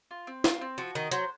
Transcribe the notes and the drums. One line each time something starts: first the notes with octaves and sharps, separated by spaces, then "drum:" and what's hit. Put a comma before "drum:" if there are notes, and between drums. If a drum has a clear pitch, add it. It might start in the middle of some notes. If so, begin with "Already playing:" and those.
F4
C4
F4, drum: snare
C4
F3 F#4
D#3 D#5
F#3 C5, drum: hi-hat